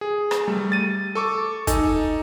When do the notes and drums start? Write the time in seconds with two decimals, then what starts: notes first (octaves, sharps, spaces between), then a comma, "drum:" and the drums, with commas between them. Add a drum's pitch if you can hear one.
0.01 G#4
0.31 drum: rim click
0.48 G3 A3
0.72 A6 D#7
1.15 A4 C#6 D6
1.67 D#4 A4 G#5, drum: kick, hi-hat